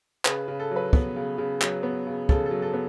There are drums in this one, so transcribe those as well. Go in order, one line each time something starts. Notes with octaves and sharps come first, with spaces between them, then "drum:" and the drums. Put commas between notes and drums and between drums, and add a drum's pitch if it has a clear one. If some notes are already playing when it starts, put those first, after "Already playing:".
C#3 B4, drum: clap
C#3
A4
F#3
B4
B3, drum: kick
C#3
C#3
F#3, drum: clap
B3
C#3
C#3 A4, drum: kick
A4
F#3
A4
B3